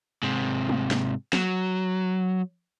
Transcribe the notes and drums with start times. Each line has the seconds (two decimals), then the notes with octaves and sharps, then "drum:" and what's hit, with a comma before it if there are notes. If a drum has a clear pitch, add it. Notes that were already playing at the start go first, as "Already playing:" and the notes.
0.23 G#2 C3
0.69 drum: tom
0.91 drum: snare
1.33 F#3, drum: snare